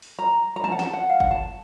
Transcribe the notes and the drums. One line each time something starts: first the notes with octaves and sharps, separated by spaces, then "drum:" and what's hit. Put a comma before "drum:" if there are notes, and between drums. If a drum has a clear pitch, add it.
drum: open hi-hat
A#5
A#5
A5, drum: tom E3
F#5
A5, drum: snare
F#5
F5
F#5, drum: kick G1
A5